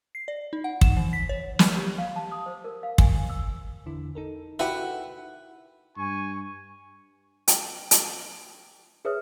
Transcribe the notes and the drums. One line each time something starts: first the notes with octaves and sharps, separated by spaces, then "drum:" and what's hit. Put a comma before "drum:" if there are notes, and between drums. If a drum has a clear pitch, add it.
C7
D5
D#4
F#5
E7, drum: kick
E3
B6
C#5
drum: snare
G4
F5
A5
D#6
C5
A#4
F5
G#5, drum: kick
E6
E2 D3 E4
D#4 A4 A#4
E4 F#4 G4 B4 F#5
G2 G#5 C#6
G5, drum: hi-hat
drum: hi-hat
G#4 B4 C#5 E5 D#6 F6